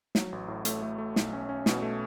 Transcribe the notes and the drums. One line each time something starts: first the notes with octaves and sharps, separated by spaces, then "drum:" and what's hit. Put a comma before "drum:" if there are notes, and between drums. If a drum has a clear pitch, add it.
F#3, drum: snare
A1
A2
A3, drum: hi-hat
A3
A3
B1, drum: snare
C#4
C#4
B2, drum: snare
A3